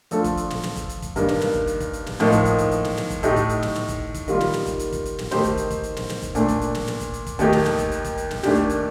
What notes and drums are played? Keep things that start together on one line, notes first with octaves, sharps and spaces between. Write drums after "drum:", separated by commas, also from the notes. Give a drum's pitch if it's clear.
F3 A3 D4 F4 A4, drum: hi-hat
drum: kick, hi-hat
drum: hi-hat
drum: snare
drum: snare
drum: kick, hi-hat
drum: hi-hat
drum: kick, hi-hat
G2 D#3 A#3, drum: hi-hat
drum: snare
drum: snare
drum: kick
drum: hi-hat
drum: kick, hi-hat
drum: hi-hat
drum: snare
A2 F3 A#3 D#4, drum: snare
drum: kick, hi-hat
drum: hi-hat
drum: kick, hi-hat
drum: hi-hat
drum: snare
drum: snare
drum: kick, hi-hat
A2 A3 D#4 G4, drum: hi-hat
drum: kick, hi-hat
drum: hi-hat
drum: snare
drum: snare
drum: kick, hi-hat
drum: kick, hi-hat
D#3 G3 A#3 F4, drum: hi-hat
drum: snare
drum: snare
drum: kick, hi-hat
drum: hi-hat
drum: kick, hi-hat
drum: hi-hat
drum: snare
D#3 A3 D#4 G4 C5, drum: snare
drum: kick, hi-hat
drum: hi-hat
drum: kick, hi-hat
drum: hi-hat
drum: snare
drum: snare
drum: kick, hi-hat
A#2 A3 D4, drum: hi-hat
drum: kick, hi-hat
drum: hi-hat
drum: snare
drum: snare
drum: kick, hi-hat
drum: hi-hat
drum: kick, hi-hat
D#2 D#3 A3 D#4 G4, drum: hi-hat
drum: snare
drum: snare
drum: kick, hi-hat
drum: hi-hat
drum: kick, hi-hat
drum: hi-hat
drum: snare
D#2 D#3 A3 D4 G4, drum: snare
drum: kick
drum: hi-hat